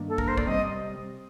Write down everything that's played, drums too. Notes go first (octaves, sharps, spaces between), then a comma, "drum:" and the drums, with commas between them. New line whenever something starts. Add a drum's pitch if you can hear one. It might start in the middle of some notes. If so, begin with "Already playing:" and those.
Already playing: G2 D#3 A#3 D4
A4
A#4, drum: kick
C5
D5, drum: kick
C3 G3 C4 D#5